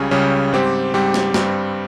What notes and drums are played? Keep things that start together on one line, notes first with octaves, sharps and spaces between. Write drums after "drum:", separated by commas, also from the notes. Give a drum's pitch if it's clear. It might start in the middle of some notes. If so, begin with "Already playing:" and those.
Already playing: C#2 C#3 G3 C#4
C#2 C#3 G3 C#4
G#2 G3 C4 G4
G#2 G3 C4 G4
drum: snare
G2 G3 C4, drum: snare